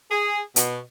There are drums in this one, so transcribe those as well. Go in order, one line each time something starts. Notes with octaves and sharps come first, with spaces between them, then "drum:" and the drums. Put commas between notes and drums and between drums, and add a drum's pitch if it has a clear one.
G#4
B2, drum: hi-hat